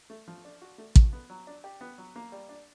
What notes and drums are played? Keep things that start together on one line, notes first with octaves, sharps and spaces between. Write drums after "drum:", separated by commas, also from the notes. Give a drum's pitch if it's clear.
A3
F3
D4
F#4
A3
F3, drum: kick
B3
F#3
D4
G4
B3
F#3
A#3
G3
D4